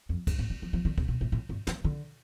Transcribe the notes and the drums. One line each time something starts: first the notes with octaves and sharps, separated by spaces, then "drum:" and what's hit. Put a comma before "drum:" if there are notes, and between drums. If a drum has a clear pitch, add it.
F2
F2, drum: kick C#2, cymbal
A2
G3
F3
F3
D3
C3, drum: kick C#2
B2
A2
A2
G2
E3, drum: snare
D3